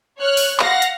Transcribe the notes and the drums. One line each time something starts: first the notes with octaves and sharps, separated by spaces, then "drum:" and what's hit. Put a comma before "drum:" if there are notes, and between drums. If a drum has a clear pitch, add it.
C#5 F6 F#6
drum: open hi-hat
F5 F#5 A#6, drum: clap
drum: hi-hat